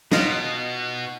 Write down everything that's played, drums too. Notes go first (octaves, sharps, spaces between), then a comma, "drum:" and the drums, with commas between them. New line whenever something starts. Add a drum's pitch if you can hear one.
B2 D#4 F4, drum: snare